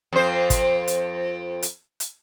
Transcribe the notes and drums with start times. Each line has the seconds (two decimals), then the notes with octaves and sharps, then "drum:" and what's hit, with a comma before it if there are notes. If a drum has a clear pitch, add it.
0.13 F2 C5
0.50 drum: kick, hi-hat
0.88 drum: hi-hat
1.62 drum: hi-hat
2.00 drum: hi-hat